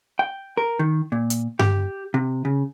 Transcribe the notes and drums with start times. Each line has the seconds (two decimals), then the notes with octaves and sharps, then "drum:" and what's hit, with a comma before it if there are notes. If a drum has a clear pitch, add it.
0.19 G5
0.57 A#4
0.79 D#3
1.12 A#2
1.30 drum: hi-hat
1.59 G4, drum: tom G2
2.14 C3
2.45 C#3